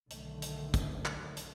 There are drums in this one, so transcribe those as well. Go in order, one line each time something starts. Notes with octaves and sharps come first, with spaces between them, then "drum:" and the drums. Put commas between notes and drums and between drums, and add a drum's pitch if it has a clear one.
B1 D3 D#3 A3, drum: hi-hat
drum: hi-hat
drum: kick, hi-hat
drum: clap
drum: hi-hat